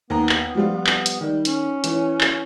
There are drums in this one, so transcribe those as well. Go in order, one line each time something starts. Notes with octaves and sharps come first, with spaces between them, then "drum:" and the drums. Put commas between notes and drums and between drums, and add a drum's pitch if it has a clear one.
D#2 B3 A#5
drum: clap
F3 G3 B3 F4
B3
drum: clap
drum: hi-hat
D#3 G3
C#4, drum: hi-hat
E3 C#5, drum: hi-hat
drum: clap